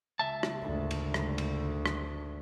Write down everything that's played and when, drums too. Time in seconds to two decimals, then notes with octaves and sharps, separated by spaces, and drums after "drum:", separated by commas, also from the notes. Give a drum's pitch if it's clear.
0.19 C#2 E5 A5
0.43 drum: rim click
0.59 G#1 D2
0.91 drum: cymbal
1.14 drum: rim click
1.38 drum: cymbal
1.86 drum: rim click